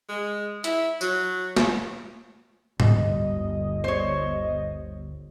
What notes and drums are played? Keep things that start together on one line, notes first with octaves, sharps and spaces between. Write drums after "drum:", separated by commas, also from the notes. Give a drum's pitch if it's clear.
G#3
E4, drum: hi-hat
F#3, drum: tambourine
drum: snare
G1 D2 G3 D#5, drum: tom G#2
C5 C#5